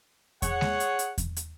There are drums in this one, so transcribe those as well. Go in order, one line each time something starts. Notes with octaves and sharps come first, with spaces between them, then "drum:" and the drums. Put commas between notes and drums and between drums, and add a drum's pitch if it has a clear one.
G#4 C#5 F#5, drum: kick E2, hi-hat
drum: snare G#3
drum: hi-hat
drum: hi-hat
drum: kick E2, hi-hat
drum: hi-hat